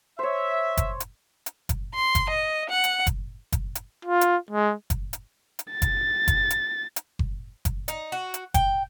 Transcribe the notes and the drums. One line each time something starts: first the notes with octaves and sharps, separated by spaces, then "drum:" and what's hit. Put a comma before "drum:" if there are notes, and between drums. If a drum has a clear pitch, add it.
C5 C#5 E5
drum: kick F#1, hi-hat
drum: hi-hat
drum: hi-hat
drum: kick F#1, hi-hat
C6
drum: kick F#1, hi-hat
D#5
F#5
drum: hi-hat
drum: kick F#1, hi-hat
drum: kick F#1, hi-hat
drum: hi-hat
F4
drum: hi-hat
G#3
drum: kick F#1, hi-hat
drum: hi-hat
drum: hi-hat
A6
drum: kick F#1, hi-hat
drum: kick F#1, hi-hat
drum: hi-hat
drum: hi-hat
drum: kick F#1
drum: kick F#1, hi-hat
D#4, drum: hi-hat
F#4
drum: hi-hat
G5, drum: kick F#1, hi-hat